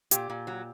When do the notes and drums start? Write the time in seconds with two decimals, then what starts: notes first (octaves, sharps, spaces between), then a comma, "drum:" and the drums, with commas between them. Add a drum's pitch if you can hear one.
0.11 A#2 G4, drum: hi-hat
0.30 A#2
0.47 F#3